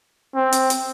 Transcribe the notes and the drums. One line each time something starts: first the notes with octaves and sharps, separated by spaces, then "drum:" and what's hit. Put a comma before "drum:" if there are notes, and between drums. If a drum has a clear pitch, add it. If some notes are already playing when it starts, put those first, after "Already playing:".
C4
drum: hi-hat
drum: hi-hat